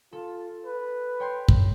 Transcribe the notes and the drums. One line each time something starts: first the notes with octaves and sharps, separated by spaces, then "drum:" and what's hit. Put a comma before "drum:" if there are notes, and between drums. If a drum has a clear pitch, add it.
F4 A4
B4
C#5 G5 C6
drum: kick